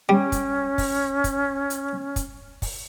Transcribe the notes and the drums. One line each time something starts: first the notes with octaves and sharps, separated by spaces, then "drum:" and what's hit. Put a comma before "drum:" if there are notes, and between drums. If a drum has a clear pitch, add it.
G3 C#4
drum: kick, hi-hat
drum: kick, open hi-hat
drum: kick, hi-hat
drum: hi-hat
drum: kick, hi-hat
drum: kick, open hi-hat